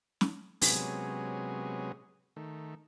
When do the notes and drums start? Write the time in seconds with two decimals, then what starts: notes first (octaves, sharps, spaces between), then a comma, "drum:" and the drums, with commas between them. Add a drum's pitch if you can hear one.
0.21 drum: snare
0.62 C3 F#3 G#3 B3 C#4 G#4, drum: open hi-hat
2.36 D#3 A3